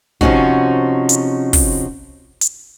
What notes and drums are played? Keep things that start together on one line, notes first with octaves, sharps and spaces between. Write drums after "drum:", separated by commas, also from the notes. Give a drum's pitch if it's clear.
C3 F3 C#4 D#4 F#4, drum: kick
drum: hi-hat
drum: kick, open hi-hat
drum: hi-hat